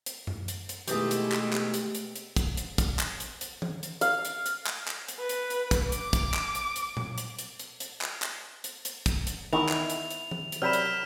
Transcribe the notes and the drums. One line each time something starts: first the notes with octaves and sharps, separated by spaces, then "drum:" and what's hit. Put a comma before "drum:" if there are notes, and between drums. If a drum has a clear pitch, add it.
drum: hi-hat
drum: tom F#2
drum: hi-hat
drum: hi-hat
B2 D#3 E3 G#3 A3 G4 G#4, drum: hi-hat
drum: hi-hat
drum: clap
drum: clap
drum: hi-hat
drum: hi-hat
drum: hi-hat
drum: kick, hi-hat
drum: hi-hat
drum: kick, hi-hat
drum: clap
drum: hi-hat
drum: hi-hat
drum: tom E3
drum: hi-hat
F5, drum: hi-hat
drum: hi-hat
drum: hi-hat
drum: clap
drum: clap
drum: hi-hat
B4
drum: hi-hat
drum: hi-hat
drum: kick, hi-hat
D6, drum: hi-hat
drum: kick, hi-hat
drum: clap
drum: hi-hat
drum: hi-hat
drum: tom A#2
drum: hi-hat
drum: hi-hat
drum: hi-hat
drum: hi-hat
drum: clap
drum: clap
drum: hi-hat
drum: hi-hat
drum: kick, hi-hat
drum: hi-hat
E2 D#3 E4 E5 F7
drum: clap
drum: hi-hat
drum: hi-hat
drum: tom E3
drum: hi-hat
C3 F#3 A#4 D5 B5 F6 B6 E7
drum: hi-hat